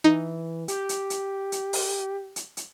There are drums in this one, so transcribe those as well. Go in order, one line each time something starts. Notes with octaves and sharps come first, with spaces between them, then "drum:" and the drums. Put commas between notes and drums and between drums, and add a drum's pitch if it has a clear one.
E3 D#4
G4, drum: hi-hat
drum: hi-hat
drum: hi-hat
drum: hi-hat
drum: open hi-hat
drum: hi-hat
drum: hi-hat